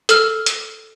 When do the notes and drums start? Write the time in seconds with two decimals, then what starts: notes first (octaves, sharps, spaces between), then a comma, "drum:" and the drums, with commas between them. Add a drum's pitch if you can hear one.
0.09 A4 F6, drum: hi-hat
0.46 drum: hi-hat